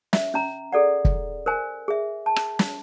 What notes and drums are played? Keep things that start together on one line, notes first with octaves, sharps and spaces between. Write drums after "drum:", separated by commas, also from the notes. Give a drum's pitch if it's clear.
E5, drum: snare
C#4 A#5
G#4 A4 D5 F#5
drum: kick
A#4 C5 G#5
G#4 E5
A5
drum: rim click
drum: snare